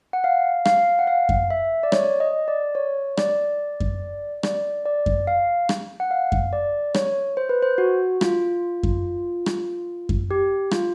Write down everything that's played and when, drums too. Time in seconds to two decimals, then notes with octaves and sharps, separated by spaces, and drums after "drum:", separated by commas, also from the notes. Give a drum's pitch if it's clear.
0.13 F#5
0.24 F5
0.65 F5, drum: rim click
0.99 F#5
1.07 F5
1.29 drum: kick F#2
1.50 E5
1.83 D5
1.92 C#5, drum: rim click
2.20 D#5
2.48 D5
2.75 C#5
3.17 D5, drum: rim click
3.80 drum: kick F#2
4.43 D5, drum: rim click
4.86 D5
5.06 drum: kick F#2
5.27 F5
5.69 drum: rim click
6.00 F#5
6.11 F5
6.32 drum: kick F#2
6.53 D5
6.94 C#5, drum: rim click
7.37 C5
7.49 B4
7.63 C5
7.78 F#4
8.21 F4, drum: rim click
8.83 drum: kick F#2
9.46 drum: rim click
10.09 drum: kick F#2
10.31 G4
10.71 F4, drum: rim click